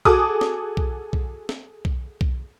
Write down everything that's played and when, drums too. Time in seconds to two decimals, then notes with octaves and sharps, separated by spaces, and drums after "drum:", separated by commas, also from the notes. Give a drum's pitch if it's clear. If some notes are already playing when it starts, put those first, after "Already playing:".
0.05 F#4 G#4 A4 D6 D#6, drum: kick B1
0.41 drum: snare
0.77 drum: kick B1
1.13 drum: kick B1
1.49 drum: snare
1.85 drum: kick B1
2.21 drum: kick B1